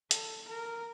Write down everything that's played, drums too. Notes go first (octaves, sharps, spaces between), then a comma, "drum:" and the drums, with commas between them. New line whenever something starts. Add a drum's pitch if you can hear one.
A4, drum: hi-hat
A#4